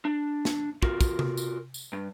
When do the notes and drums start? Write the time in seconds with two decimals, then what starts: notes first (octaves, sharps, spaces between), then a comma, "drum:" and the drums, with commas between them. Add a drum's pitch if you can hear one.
0.05 D4
0.45 drum: snare
0.82 F4 F#4 A#4, drum: kick
1.01 drum: kick, tambourine
1.19 drum: tom C3
1.37 drum: tambourine
1.74 drum: tambourine
1.93 G2